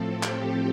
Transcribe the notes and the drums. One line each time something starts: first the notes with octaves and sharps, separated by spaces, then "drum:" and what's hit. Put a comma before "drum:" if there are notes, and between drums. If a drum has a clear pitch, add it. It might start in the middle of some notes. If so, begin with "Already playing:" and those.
Already playing: A2 F3 C4 A4
G4, drum: clap